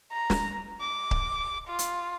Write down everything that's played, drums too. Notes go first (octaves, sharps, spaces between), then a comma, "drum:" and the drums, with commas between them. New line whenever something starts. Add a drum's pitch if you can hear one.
A#5
drum: snare
D6
drum: kick C#1
F4
drum: hi-hat